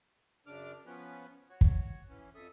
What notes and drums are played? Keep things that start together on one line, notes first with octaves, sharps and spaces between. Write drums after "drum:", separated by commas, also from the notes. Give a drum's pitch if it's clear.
F#2 C#3 D4 D6 F6
F3 B3 C#4 B4
F#4 C#5
drum: kick
E3 C#4
F2 A4 E5 D#6